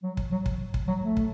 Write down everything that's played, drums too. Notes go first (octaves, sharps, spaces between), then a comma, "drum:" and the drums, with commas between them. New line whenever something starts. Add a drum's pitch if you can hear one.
F#3
drum: kick
F#3
drum: kick
drum: kick
F#3
A3
drum: kick